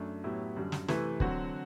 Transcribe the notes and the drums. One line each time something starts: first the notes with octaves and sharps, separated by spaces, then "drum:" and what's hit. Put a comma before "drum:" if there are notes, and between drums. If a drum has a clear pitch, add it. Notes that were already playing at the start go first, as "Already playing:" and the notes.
Already playing: F#2 A3 D4
A2 F#3 B3 E4 G4
F#2 D3 G3
drum: snare
C3 E3 A3 E4 B4, drum: snare
D3 F#3 C4 F#4, drum: kick